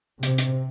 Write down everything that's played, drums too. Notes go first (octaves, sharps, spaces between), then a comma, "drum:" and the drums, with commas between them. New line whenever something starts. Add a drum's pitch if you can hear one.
C3, drum: hi-hat
drum: hi-hat